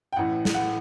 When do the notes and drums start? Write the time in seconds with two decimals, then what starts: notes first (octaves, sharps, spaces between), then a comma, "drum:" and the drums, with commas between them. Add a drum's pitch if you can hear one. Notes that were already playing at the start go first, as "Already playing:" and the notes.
0.13 G5
0.16 A1 A2 E3 F#5
0.45 drum: snare
0.54 F#5